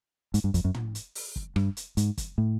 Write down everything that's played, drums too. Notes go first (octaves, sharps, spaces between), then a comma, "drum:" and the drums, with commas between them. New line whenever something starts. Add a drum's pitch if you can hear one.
G#2, drum: hi-hat
G2
F2, drum: kick, hi-hat
F#2
drum: tom
drum: hi-hat
drum: open hi-hat
drum: kick
G2, drum: rim click
drum: hi-hat
G#2, drum: hi-hat
drum: kick, hi-hat
A2